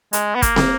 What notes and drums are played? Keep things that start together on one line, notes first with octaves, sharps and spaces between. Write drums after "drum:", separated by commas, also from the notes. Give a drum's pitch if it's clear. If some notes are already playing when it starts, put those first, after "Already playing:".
G#3, drum: hi-hat
B3
A#3, drum: kick, hi-hat
drum: snare